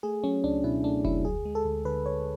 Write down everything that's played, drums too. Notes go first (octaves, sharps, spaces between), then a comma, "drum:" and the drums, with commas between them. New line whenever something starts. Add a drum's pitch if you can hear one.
A3 G#4
F#3 C#4
C#2 D4
B2 E4
A3 D4
F#3 E4, drum: kick F1
D2 G#4
G#3
A4
D2
D3 B4
D2 C#5